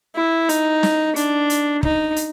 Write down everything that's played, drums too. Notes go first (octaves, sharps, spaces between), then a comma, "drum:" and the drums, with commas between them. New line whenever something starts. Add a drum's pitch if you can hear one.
E4
D#4, drum: hi-hat
drum: snare
D4, drum: hi-hat
drum: hi-hat
D#4, drum: kick
drum: hi-hat